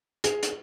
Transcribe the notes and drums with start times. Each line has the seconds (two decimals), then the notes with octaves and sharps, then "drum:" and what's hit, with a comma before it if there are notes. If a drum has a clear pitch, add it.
0.24 G#4, drum: hi-hat
0.43 drum: hi-hat